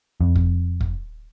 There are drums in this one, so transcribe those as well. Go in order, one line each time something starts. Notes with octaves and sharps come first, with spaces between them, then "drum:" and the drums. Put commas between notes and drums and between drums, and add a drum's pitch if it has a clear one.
F2
drum: kick
drum: kick